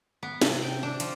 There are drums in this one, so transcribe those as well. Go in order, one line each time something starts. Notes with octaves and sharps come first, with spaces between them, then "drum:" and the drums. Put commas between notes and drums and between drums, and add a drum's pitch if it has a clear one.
B3
C3, drum: snare
G5
D4
F3, drum: hi-hat